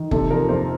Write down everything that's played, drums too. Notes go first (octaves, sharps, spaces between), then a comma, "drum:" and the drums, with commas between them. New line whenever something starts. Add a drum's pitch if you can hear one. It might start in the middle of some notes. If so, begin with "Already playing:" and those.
Already playing: D#3
C3 A4, drum: kick
F3 A#4
F2 C5